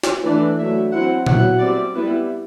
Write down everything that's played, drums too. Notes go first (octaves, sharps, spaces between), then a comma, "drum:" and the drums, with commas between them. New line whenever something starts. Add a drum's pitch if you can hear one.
drum: snare
E3 A3 D4 D5
F#3 A3 E4 E5
F#3 C4 E4 F#5
F#3 B3 E4 F#5, drum: tom A#2
G3 C4 E4 D5
G3 B3 E4 B4